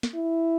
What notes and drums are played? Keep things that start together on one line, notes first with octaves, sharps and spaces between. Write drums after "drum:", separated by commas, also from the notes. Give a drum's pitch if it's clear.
drum: snare
E4